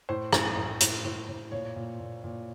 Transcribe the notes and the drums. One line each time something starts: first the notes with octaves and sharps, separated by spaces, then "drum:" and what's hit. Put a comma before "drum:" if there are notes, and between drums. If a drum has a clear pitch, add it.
A2 C5
A2, drum: rim click
A2
A2, drum: hi-hat
A2
A2
A#2 C#5
A#2
A#2
A#2